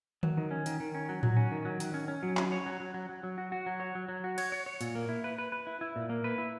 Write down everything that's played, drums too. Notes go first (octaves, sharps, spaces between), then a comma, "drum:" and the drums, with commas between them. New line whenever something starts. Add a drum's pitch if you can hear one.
F#3, drum: tom D3
D#3
C#4
D#3, drum: hi-hat
D#3
C#4
F#3
F#3, drum: tom A2
C#4
D#3
F#3
D#3, drum: hi-hat
C#4
C#4
F#3
C#4, drum: clap
C#5
F#3
F#3
F#3
F#3
F#3
F#4
F#4
F#3
C#5
F#3
F#3
F#4
C#5, drum: cymbal
C#5
C#5
A#2, drum: hi-hat
A#3
E4
B4
B4
B4
E4
E4
A#2
A#3
B4
E4